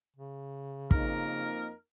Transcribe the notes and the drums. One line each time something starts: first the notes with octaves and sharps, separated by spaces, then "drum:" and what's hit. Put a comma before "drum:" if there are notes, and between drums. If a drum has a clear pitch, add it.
C#3
F2 A#3 D#4 A#4, drum: kick